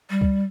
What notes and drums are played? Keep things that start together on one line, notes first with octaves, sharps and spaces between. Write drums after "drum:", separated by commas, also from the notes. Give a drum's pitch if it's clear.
G3
drum: kick C#2